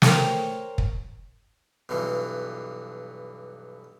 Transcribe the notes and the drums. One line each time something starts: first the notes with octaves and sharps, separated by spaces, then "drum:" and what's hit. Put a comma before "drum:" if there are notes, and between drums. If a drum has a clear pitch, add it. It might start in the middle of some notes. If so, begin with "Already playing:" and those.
A#4 C5 C#5 G5, drum: snare
drum: kick
B1 G2 B2 E3